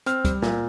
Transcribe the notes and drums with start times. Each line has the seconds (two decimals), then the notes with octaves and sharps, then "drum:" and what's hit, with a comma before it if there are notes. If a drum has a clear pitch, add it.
0.06 C4 F6, drum: hi-hat
0.25 G3, drum: kick, hi-hat
0.42 A#2, drum: snare